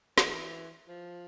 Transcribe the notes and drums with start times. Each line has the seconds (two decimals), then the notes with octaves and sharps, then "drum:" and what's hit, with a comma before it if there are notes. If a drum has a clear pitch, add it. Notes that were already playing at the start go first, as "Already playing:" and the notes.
0.18 F3, drum: snare
0.22 E3
0.88 F3